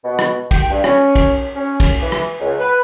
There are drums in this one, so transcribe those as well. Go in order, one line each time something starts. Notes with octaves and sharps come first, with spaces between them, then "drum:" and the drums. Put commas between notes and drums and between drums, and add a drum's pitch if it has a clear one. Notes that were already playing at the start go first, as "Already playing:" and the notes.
B2
drum: rim click
G5, drum: kick, cymbal
G2
C#4, drum: rim click
drum: kick, cymbal
C#4
drum: kick, cymbal
E3
drum: rim click
C#2
B4